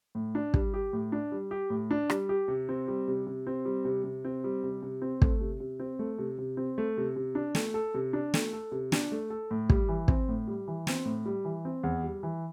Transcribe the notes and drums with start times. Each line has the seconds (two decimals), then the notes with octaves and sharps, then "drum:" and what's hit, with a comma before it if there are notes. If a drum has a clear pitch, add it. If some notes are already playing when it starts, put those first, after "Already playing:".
0.15 A2
0.35 D4
0.54 G3, drum: kick
0.74 G4
0.93 A2
1.12 D4
1.32 G3
1.51 G4
1.70 A2
1.91 D4
2.10 G3, drum: rim click
2.29 G4
2.48 C3
2.69 C4
2.88 G3
3.08 C3
3.26 C3
3.47 C4
3.65 G3
3.85 C3
4.04 C3
4.25 C4
4.44 G3
4.64 C3
4.82 C3
5.02 C4
5.22 A3, drum: kick
5.41 C3
5.60 C3
5.80 C4
5.99 A3
6.18 C3
6.38 C3
6.57 C4
6.78 A3
6.97 C3
7.16 C3
7.35 D4
7.55 A3, drum: snare
7.74 A4
7.94 C3
8.13 D4
8.34 A3, drum: snare
8.53 A4
8.72 C3
8.92 D4, drum: snare
9.12 A3
9.30 A4
9.51 A2
9.70 G3, drum: kick
9.89 E3
10.08 C4, drum: kick
10.29 A2
10.47 G3
10.68 E3
10.87 C4, drum: snare
11.05 A2
11.26 G3
11.45 E3
11.65 C4
11.83 E2
12.03 G3
12.23 E3